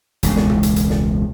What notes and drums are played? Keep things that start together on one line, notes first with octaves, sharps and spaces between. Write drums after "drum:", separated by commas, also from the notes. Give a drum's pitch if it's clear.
E1 C#2 C#3, drum: hi-hat
drum: snare
drum: tom
drum: hi-hat
drum: hi-hat
drum: snare